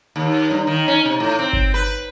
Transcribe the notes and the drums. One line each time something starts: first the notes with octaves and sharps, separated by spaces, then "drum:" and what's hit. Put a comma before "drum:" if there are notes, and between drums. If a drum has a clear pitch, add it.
D#2
G2
D#3
C#4
C3
A2
C4
drum: kick G1
B4